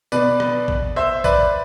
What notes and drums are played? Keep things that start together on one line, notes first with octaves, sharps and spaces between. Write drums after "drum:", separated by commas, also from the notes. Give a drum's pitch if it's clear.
B2 B4 D5, drum: tambourine
drum: rim click
drum: kick
C5 E5
B4 D5, drum: kick, tambourine